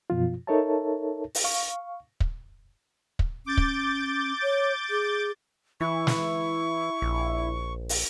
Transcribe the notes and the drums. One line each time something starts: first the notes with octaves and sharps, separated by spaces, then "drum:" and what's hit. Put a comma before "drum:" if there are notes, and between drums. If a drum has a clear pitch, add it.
F#2 B2 F3 F4
D#4 A4 A#4 C#5 E5 A5
drum: open hi-hat
F5 C#6
drum: kick
drum: kick
C#4 D6 G6 A6
drum: kick
C#5
G#4
E3 E4 C#6
drum: snare
A#1
drum: open hi-hat